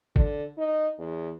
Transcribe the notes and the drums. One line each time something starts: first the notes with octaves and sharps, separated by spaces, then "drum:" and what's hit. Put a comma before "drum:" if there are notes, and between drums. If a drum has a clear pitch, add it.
D3, drum: kick G1
D#4
E2